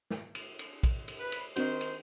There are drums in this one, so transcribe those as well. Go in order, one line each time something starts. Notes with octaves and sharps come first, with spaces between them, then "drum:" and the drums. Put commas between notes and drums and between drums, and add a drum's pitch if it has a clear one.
drum: snare
drum: cymbal
drum: cymbal
drum: kick A#1, cymbal
drum: cymbal
B4
drum: cymbal
D#3 C4 D4 F#4 C5, drum: cymbal
drum: cymbal